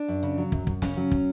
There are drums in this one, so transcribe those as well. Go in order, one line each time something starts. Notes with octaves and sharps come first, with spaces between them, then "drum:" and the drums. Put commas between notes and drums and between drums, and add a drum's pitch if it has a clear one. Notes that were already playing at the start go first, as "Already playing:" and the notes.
Already playing: D4
F#2
C#3
F#3
F#2, drum: kick
F#2, drum: kick
C#3 C#4, drum: snare
F#3
drum: kick